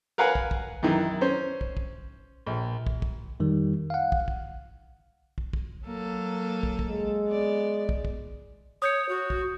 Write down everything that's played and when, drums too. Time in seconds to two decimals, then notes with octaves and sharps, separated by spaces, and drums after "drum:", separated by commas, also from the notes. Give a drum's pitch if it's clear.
0.18 A#4 B4 F5 F#5 G#5
0.35 drum: kick
0.51 drum: kick
0.83 F#2 D#3 E3
1.21 C#4 C5
1.61 drum: kick
1.77 drum: kick
2.47 A#1
2.87 drum: kick
3.02 drum: kick
3.40 F2 D#3 G3
3.90 F5 F#5
4.12 drum: kick
4.28 drum: kick
5.38 drum: kick
5.53 drum: kick
5.85 F#3 A#3 A4
6.63 drum: kick
6.79 drum: kick
6.88 G#3
7.27 B3 D5
7.89 drum: kick
8.05 drum: kick
8.82 C#5 D#6 G6 C#7
9.09 F#4
9.30 drum: kick